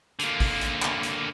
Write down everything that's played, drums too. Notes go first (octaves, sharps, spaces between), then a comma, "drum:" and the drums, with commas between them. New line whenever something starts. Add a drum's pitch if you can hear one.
D3 A#3, drum: hi-hat
drum: kick G#1, open hi-hat
drum: hi-hat
drum: clap
drum: hi-hat